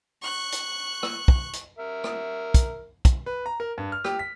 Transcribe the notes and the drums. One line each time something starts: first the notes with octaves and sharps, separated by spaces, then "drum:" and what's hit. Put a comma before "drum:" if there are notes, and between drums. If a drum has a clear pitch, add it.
C#6 F#6
drum: hi-hat
drum: rim click
drum: kick
drum: hi-hat
A#4 E5
drum: rim click
drum: kick, hi-hat
drum: kick, hi-hat
B4
A#5
A#4
G2
F6
G4, drum: rim click
B6